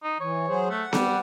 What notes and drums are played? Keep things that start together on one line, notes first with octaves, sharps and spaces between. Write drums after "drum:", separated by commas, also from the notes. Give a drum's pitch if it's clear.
D#4
E3 C#5
F#3 G#4 C5
A3 F#5
G3, drum: snare B3